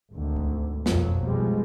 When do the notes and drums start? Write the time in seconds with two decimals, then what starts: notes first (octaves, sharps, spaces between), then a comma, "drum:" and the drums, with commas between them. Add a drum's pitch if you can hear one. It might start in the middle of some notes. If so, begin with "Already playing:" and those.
0.13 G#1 D2
0.36 drum: kick C2
0.86 F#1 B1 F2 F3 F#3, drum: snare
1.21 B2 F3 G3 G#3